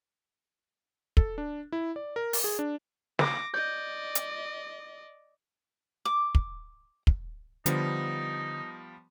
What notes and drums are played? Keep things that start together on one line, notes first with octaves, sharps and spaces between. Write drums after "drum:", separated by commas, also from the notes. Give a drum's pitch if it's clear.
A4, drum: kick
D4
E4
D5
A#4
drum: open hi-hat
G#4
D4
D6 A#6, drum: snare
D5 D#5 G6
drum: hi-hat
D6
drum: kick
drum: kick
D3 F3 G3 B3 D#4, drum: hi-hat